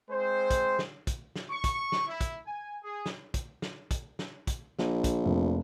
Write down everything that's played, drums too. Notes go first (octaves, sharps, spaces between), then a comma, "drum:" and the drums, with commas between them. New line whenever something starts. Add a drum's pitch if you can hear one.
G#3 C4 C5
drum: kick, hi-hat
drum: snare
drum: kick, hi-hat
drum: snare
C#6
drum: kick, hi-hat
drum: snare
E4
drum: kick, hi-hat
G#5
G#4
drum: snare
drum: kick, hi-hat
drum: snare
drum: kick, hi-hat
drum: snare
drum: kick, hi-hat
A#1, drum: snare
drum: kick, hi-hat
F1